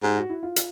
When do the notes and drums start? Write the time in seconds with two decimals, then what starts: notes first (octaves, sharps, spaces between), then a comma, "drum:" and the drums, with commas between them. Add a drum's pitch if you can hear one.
0.03 G#2 G4
0.17 F#4
0.29 E4
0.43 F4
0.56 drum: hi-hat